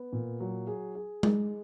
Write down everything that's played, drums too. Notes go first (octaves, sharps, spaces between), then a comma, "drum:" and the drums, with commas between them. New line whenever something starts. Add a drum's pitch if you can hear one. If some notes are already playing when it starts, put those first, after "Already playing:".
Already playing: B3
A#2
F#3
G#4
G#4
G#3, drum: tom G#3